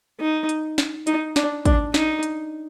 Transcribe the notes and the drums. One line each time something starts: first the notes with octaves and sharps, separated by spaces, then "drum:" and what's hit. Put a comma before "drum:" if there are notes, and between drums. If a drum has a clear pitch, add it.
D#4
drum: hi-hat
drum: snare
D#4, drum: hi-hat
D4, drum: snare
D4, drum: kick, hi-hat
D#4, drum: snare
drum: hi-hat